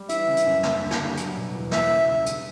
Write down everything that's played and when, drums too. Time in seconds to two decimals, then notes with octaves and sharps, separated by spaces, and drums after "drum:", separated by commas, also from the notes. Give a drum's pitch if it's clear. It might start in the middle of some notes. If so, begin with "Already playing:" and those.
Already playing: G3
0.09 E3 E5, drum: hi-hat
0.27 C#3
0.37 drum: hi-hat
0.46 F#2
0.63 C#3, drum: snare
0.81 D2
0.91 drum: snare
1.00 G3
1.17 F#3, drum: hi-hat
1.36 B2
1.54 E2
1.71 E3 E5, drum: snare
1.90 C#3
2.09 C#2
2.26 G3, drum: hi-hat